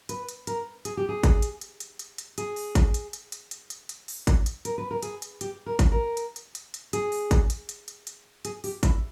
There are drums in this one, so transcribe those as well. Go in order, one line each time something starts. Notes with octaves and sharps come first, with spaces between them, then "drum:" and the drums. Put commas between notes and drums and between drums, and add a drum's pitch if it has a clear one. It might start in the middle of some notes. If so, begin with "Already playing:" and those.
B4, drum: hi-hat
drum: hi-hat
A#4, drum: hi-hat
G#4, drum: hi-hat
G4
G#4
drum: kick G#1, hi-hat
drum: hi-hat
drum: hi-hat
drum: hi-hat
drum: hi-hat
drum: hi-hat
G#4, drum: hi-hat
drum: open hi-hat
drum: kick G#1, hi-hat
drum: hi-hat
drum: hi-hat
drum: hi-hat
drum: hi-hat
drum: hi-hat
drum: hi-hat
drum: open hi-hat
drum: kick G#1, hi-hat
drum: hi-hat
A#4, drum: hi-hat
B4
A#4
G#4, drum: hi-hat
drum: hi-hat
G4, drum: hi-hat
A#4
drum: kick G#1, hi-hat
A#4
drum: hi-hat
drum: hi-hat
drum: hi-hat
drum: hi-hat
G#4, drum: hi-hat
drum: open hi-hat
drum: kick G#1, hi-hat
drum: hi-hat
drum: hi-hat
drum: hi-hat
drum: hi-hat
G#4, drum: hi-hat
G4, drum: open hi-hat
E4, drum: kick G#1, hi-hat